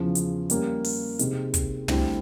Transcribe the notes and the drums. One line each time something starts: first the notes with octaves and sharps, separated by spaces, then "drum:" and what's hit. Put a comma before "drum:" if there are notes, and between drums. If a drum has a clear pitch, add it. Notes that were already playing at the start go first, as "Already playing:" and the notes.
Already playing: E2 C#3 F3
drum: hi-hat
G3 A#3 C#4, drum: hi-hat
drum: open hi-hat
C3 D#3 G#3, drum: hi-hat
drum: kick, hi-hat
D2 D3 G3 C4 E4, drum: tom